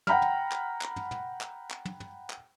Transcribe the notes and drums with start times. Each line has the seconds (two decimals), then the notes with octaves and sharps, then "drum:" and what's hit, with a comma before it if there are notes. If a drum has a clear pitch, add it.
0.07 F#5 G5 A#5 B5 F6, drum: tom
0.22 drum: tom
0.52 drum: clap
0.81 drum: clap
0.96 drum: tom
1.11 drum: tom
1.41 drum: clap
1.71 drum: clap
1.85 drum: tom
2.00 drum: tom
2.30 drum: clap